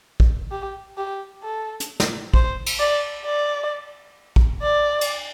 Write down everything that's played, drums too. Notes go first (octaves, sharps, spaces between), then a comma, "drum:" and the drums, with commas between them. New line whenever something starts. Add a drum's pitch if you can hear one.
drum: kick
G4
G4
A4
drum: hi-hat
drum: snare
C5, drum: kick
drum: cymbal
D5
D5
drum: kick
D5
drum: cymbal